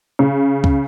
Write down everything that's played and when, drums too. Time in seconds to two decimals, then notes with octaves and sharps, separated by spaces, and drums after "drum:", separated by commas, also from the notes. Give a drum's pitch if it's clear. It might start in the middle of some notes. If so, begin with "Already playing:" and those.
0.19 C#3
0.64 drum: kick C#2